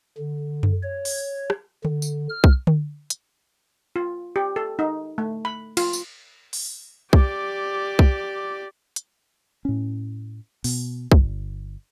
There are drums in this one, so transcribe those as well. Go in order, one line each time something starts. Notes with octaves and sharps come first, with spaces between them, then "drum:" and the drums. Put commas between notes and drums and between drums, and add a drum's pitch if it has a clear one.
D3
drum: tom F#2
C#5
drum: open hi-hat
drum: rim click
D3, drum: tom D3
drum: tambourine
F6
drum: kick B1
drum: tom D3
drum: hi-hat
F4
G4
A4
D#4
A3
B5
F4, drum: cymbal
drum: tambourine
drum: open hi-hat
G4 D5, drum: kick B1
drum: kick B1
drum: hi-hat
A2 C#4
B2, drum: open hi-hat
G1, drum: kick B1